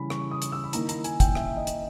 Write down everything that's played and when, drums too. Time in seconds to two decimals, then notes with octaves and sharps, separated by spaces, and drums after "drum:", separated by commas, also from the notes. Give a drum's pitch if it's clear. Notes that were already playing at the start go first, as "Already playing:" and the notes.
Already playing: C#3 E3 G3 C#4 B5
0.10 C#6, drum: rim click
0.31 D#6
0.42 drum: hi-hat
0.52 E6
0.64 B5
0.73 D#3 A#3 E4 A#5, drum: hi-hat
0.89 A#5, drum: hi-hat
1.04 G#5, drum: hi-hat
1.20 G5, drum: kick, hi-hat
1.35 E5, drum: rim click
1.57 D#5
1.67 drum: hi-hat